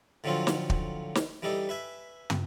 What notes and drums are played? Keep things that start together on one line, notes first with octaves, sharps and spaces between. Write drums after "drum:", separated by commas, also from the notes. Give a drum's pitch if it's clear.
A2 D3 F3 F#3 C4 F4
drum: snare
drum: kick
drum: snare
E3 G3 D#4 A4
B4 E5 G#5
drum: tom